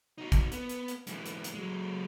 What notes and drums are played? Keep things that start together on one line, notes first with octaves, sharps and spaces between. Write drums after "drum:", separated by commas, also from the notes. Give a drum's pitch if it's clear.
D#4 F#4
drum: kick, hi-hat
B3, drum: hi-hat
drum: hi-hat
drum: hi-hat
G#2 E3, drum: hi-hat
drum: hi-hat
drum: hi-hat
F#3 G#3